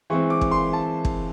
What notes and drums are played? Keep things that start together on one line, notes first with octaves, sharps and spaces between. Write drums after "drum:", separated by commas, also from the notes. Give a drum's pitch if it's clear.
E3 G#3 C4 C#6
D6
drum: kick
C6
A5
drum: kick